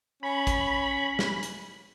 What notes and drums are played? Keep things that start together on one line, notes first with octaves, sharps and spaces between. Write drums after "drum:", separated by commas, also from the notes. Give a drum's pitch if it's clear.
C#4 B5
drum: kick A1, hi-hat
drum: snare
drum: hi-hat